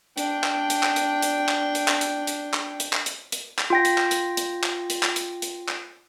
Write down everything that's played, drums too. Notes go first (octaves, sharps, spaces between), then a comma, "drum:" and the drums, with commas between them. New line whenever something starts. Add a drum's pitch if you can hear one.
D4 G5, drum: hi-hat
drum: clap
drum: hi-hat
drum: clap
drum: hi-hat
drum: hi-hat
drum: clap
drum: hi-hat
drum: clap
drum: hi-hat
drum: hi-hat
drum: clap
drum: hi-hat
drum: clap
drum: hi-hat
drum: hi-hat
drum: clap
F4 G5 A#6
drum: hi-hat
drum: clap
drum: hi-hat
drum: hi-hat
drum: clap
drum: hi-hat
drum: clap
drum: hi-hat
drum: hi-hat
drum: clap